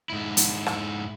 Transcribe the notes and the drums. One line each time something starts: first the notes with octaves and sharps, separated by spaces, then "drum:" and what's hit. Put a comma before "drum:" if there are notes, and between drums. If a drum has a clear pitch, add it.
G#2 E4
drum: hi-hat
drum: rim click